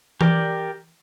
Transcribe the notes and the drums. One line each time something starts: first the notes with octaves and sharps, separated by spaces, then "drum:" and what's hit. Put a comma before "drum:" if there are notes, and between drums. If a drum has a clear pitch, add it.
G4 A#4 D5 G5, drum: tom E3